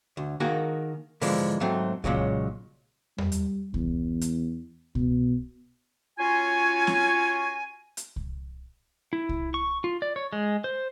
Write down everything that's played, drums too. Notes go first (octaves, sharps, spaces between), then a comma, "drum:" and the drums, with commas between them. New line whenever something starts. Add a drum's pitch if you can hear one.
D2
D#3 A#3 F#4 G#4
G#2 D3 E3 F3 G#3 D4, drum: open hi-hat
G#2 F#3 A3 C4
A#2 C#3 F#3 G#3, drum: kick C2
G3, drum: tom E2
drum: hi-hat
E2, drum: kick C2
drum: hi-hat
B2, drum: kick C2
C#4 F4 F#4 C#5 G#5
drum: snare C4
drum: hi-hat
drum: kick C2
E4
drum: kick C2
C#6
F4
D5
C#5
G#3
C5